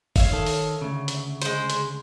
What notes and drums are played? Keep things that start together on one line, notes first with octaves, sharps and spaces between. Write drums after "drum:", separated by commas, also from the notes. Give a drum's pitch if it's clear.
C#5 E5 F5, drum: kick F#1, open hi-hat
D#3 A4
drum: open hi-hat
D2 C#3
drum: hi-hat
G#3 C5, drum: hi-hat
drum: hi-hat